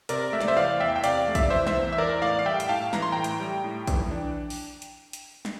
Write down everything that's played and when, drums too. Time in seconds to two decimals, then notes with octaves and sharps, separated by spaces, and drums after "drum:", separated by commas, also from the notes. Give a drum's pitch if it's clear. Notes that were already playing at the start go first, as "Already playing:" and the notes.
0.09 C3 A#4 D5, drum: hi-hat
0.33 A3 E5
0.40 D5, drum: snare
0.48 C5 E5
0.56 E3 D5 F5
0.80 E2 E5 G5
0.96 G5
1.04 C3 D5 F5, drum: hi-hat
1.28 A3
1.35 E5, drum: kick A#1, hi-hat
1.43 D5
1.50 E3 C5 E5
1.67 C5 E5, drum: snare
1.75 E2
1.93 E5
1.98 E3 A#4 D5
2.22 A2 D5 F5
2.39 F5
2.46 G3 E5 G5
2.60 G5, drum: hi-hat
2.69 A2 F5 A5
2.93 E3 A#5, drum: snare
3.02 C6
3.12 A2 G5 A#5
3.24 drum: hi-hat
3.40 G3
3.64 A2
3.87 E3, drum: kick A#1, hi-hat
4.11 D4
4.50 drum: open hi-hat
4.82 drum: hi-hat
5.13 drum: hi-hat
5.45 drum: snare